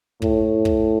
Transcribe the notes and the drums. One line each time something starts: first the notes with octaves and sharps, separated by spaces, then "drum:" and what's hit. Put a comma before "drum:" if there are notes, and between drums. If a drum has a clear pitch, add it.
A2, drum: kick
drum: kick